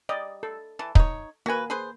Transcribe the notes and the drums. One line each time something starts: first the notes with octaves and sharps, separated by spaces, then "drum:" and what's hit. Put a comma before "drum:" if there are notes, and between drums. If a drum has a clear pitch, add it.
G3 D5 D#5
A4
E3 A5
D#4 C#5, drum: kick
A#3 F#4 B4 G#5
G#4 B4 C5